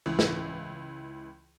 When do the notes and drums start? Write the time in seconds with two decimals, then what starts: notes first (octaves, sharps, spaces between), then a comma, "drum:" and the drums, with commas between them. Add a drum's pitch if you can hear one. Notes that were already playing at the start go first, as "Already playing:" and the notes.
0.06 C#2 E3
0.19 drum: snare